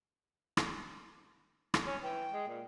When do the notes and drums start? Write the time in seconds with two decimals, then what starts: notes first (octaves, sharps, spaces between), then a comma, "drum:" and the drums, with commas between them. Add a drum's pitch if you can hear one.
0.57 drum: rim click
1.74 drum: rim click
1.87 C#4
2.03 E3 G5
2.32 G#3
2.48 A#2